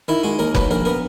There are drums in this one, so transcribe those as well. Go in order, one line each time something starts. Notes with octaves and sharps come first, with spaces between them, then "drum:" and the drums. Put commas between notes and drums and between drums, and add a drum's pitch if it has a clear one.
D#3 E4
G#3 F#4
D#2 A#4
F#3 B4, drum: kick F1
A#1 A#4
B3 A#4